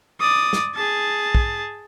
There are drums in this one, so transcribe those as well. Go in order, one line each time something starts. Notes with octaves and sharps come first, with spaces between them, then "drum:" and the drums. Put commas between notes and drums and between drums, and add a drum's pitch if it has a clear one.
D5 D#6
drum: snare
G#4 A5
drum: kick